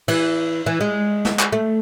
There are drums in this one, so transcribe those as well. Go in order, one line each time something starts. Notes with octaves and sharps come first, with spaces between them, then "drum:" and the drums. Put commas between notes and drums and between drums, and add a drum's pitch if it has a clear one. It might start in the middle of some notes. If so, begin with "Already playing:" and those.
E3, drum: cymbal
E3
G#3
drum: snare
drum: clap
A3